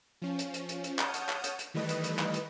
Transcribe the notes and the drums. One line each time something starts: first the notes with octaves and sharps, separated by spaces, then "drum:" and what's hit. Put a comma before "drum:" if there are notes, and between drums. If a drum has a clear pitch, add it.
F3 C#4
drum: hi-hat
drum: hi-hat
drum: hi-hat
drum: hi-hat
C#5 F#5 A5 D#6 F6 G6, drum: clap
drum: hi-hat
drum: clap
drum: hi-hat
drum: hi-hat
D#3 E3 G3 A3 B4 D#5
drum: hi-hat
drum: hi-hat
drum: clap
drum: hi-hat